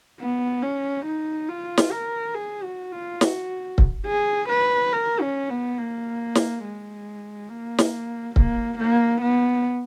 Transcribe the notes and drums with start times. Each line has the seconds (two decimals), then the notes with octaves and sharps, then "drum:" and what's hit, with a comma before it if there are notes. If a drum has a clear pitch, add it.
0.20 B3
0.63 C#4
1.06 D#4
1.49 F4
1.78 drum: snare
1.92 A#4
2.35 G#4
2.63 F#4
2.92 F4
3.21 F#4, drum: snare
3.78 drum: kick C#1
4.06 G#4
4.49 B4
4.93 A#4
5.21 C#4
5.50 B3
5.78 A#3
6.35 drum: snare
6.64 G#3
7.50 A#3
7.78 drum: snare
8.36 A#3, drum: kick C#1
8.78 A#3
9.22 B3